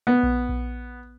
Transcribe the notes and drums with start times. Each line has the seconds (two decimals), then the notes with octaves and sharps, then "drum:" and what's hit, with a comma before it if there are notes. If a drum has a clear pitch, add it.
0.07 B3
0.23 drum: kick A#1
0.49 drum: kick A#1